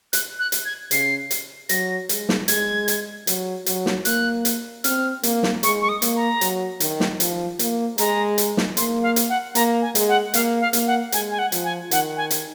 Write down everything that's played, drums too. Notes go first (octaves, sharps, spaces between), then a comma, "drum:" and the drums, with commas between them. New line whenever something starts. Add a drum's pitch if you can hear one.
F#6, drum: hi-hat
F#6
drum: hi-hat
G#6
C#3 C7, drum: hi-hat
drum: hi-hat
F#3 A#6, drum: hi-hat
G#3, drum: hi-hat
drum: snare
G#3 G#6, drum: hi-hat
drum: hi-hat
F#3, drum: hi-hat
F#3, drum: hi-hat
drum: snare
A#3 F#6, drum: hi-hat
drum: hi-hat
C4 F6, drum: hi-hat
A#3, drum: hi-hat
drum: snare
G#3 C#6, drum: hi-hat
C#6
D#6
A#3, drum: hi-hat
A#5
F#3, drum: hi-hat
D#3, drum: hi-hat
drum: snare
F3, drum: hi-hat
A#3, drum: hi-hat
G#3 A#5, drum: hi-hat
drum: hi-hat
drum: snare
A#3 C6, drum: hi-hat
F5
drum: hi-hat
F#5
A#3 A#5, drum: hi-hat
G#5
G#3, drum: hi-hat
F#5
A#3 F5, drum: hi-hat
F5
A#3, drum: hi-hat
F#5
G#3 G#5, drum: hi-hat
G#5
F#5
F3, drum: hi-hat
G#5
D#3 F#5, drum: hi-hat
G#5
drum: hi-hat